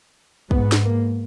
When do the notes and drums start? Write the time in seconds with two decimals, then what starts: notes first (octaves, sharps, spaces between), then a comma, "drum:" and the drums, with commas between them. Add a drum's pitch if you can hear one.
0.51 G#2 B3, drum: kick
0.72 drum: snare
0.84 A#3